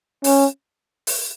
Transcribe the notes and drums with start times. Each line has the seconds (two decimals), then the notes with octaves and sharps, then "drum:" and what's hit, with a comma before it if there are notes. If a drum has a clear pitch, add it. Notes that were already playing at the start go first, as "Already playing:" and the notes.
0.24 C#4, drum: open hi-hat
1.07 drum: open hi-hat